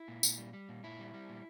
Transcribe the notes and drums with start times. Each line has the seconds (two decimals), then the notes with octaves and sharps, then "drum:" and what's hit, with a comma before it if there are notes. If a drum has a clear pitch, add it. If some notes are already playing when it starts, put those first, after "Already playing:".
Already playing: E4
0.08 A#2
0.23 A#2, drum: tambourine
0.38 G3
0.53 G3
0.69 A#2
0.83 A#2 E4
0.99 G3
1.14 G3
1.29 A#2